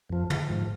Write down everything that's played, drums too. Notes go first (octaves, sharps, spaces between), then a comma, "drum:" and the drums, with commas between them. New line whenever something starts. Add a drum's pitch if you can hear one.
F2 F3
drum: tom
G#2 F3